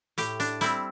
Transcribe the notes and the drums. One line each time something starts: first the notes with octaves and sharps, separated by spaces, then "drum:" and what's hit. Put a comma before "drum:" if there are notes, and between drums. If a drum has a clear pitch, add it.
A2 G4, drum: hi-hat
D4, drum: hi-hat
G3 C4 E4, drum: hi-hat